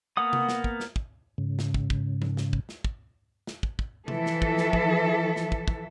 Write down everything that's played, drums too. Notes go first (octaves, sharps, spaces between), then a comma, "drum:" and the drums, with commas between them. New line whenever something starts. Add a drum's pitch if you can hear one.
A#3 B3 F#5 D#6
drum: tom C3
drum: snare
drum: kick
drum: snare
drum: kick
G#2 C#3
drum: snare
drum: kick
drum: kick
drum: tom
drum: snare
drum: kick
drum: snare
drum: kick
drum: snare
drum: kick
drum: kick
E3 F3 A4 E5, drum: tom C3
drum: snare
drum: kick
drum: snare
drum: kick
drum: snare
drum: kick
drum: kick